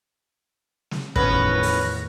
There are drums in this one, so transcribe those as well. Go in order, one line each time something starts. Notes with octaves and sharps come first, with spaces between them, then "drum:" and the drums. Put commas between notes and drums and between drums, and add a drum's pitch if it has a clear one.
drum: snare
E2 A2 D#3 F3 B3 C#4 B4 A#6, drum: kick
drum: open hi-hat